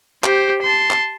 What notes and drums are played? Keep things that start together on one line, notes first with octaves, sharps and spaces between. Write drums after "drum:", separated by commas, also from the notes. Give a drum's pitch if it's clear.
G4 C5, drum: clap
A5 C6
drum: clap